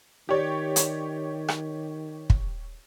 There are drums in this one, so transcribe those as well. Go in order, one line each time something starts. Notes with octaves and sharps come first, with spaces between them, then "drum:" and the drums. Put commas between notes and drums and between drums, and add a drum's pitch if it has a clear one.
D#3 G4 C#5 D5
drum: hi-hat
drum: rim click
drum: kick